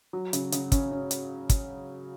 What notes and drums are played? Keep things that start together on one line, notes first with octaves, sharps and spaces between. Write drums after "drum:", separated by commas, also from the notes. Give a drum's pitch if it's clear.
F#3
C#3, drum: hi-hat
C#3, drum: hi-hat
C#4, drum: kick, hi-hat
C#4
drum: hi-hat
drum: kick, hi-hat